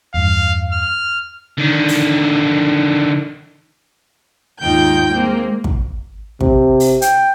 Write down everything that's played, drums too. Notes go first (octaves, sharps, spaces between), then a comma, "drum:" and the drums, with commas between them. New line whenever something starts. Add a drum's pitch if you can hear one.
E2 G2 F5
F6
D3 D#3
drum: open hi-hat
D#2 G#2 D#4 F4 G5 G6
G#3 A#3 C4
drum: kick
C3, drum: kick
drum: open hi-hat
G5, drum: hi-hat